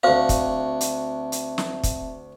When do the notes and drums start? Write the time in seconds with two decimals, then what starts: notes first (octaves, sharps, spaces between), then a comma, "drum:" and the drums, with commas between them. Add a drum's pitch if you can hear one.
0.03 D2 C4 F#4 C5 E5 F5 A5
0.29 drum: kick, hi-hat
0.81 drum: hi-hat
1.32 drum: hi-hat
1.58 drum: snare
1.83 drum: kick, hi-hat